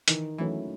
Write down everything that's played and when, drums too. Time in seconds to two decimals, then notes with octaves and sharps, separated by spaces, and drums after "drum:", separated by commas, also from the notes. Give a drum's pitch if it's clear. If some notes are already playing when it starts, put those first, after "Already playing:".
0.08 D#3 E3, drum: hi-hat
0.38 E3 F#3 A3 C#4 E4